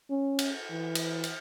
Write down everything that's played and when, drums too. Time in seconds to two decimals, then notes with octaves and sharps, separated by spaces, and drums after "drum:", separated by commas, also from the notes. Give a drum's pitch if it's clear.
0.10 C#4
0.39 drum: cymbal
0.71 E3
0.95 drum: cymbal
1.24 drum: cymbal